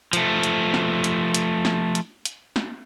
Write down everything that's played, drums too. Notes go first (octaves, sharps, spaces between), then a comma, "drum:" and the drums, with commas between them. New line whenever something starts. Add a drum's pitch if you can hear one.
F3 A3, drum: hi-hat
drum: hi-hat
drum: snare
drum: hi-hat
drum: hi-hat
drum: snare
drum: hi-hat
drum: hi-hat
drum: snare